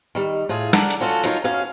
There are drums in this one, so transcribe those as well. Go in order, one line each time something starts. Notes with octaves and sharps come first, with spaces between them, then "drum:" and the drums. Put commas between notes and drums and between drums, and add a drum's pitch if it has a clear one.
D#3 G3
A2 F4 G#4
D4 A4 A#4 D5 F#5, drum: snare
drum: hi-hat
C#4 F4 F#4 A4
F#3 D#4 F4 A#4 C#5, drum: hi-hat
F#2 F#3 C#4 F5